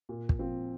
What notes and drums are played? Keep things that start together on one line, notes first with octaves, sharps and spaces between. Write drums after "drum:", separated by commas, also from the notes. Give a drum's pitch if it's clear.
A#2
drum: kick
F3 C4 F4